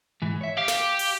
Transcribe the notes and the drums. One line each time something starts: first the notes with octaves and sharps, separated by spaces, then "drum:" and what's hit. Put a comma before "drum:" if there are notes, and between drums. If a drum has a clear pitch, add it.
G#2 E3
C#5 E5
G4 F5
drum: snare
drum: open hi-hat